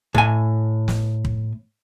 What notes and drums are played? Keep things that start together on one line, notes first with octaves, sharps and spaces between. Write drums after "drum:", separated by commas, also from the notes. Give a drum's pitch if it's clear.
A2 G#5, drum: kick
drum: snare
drum: kick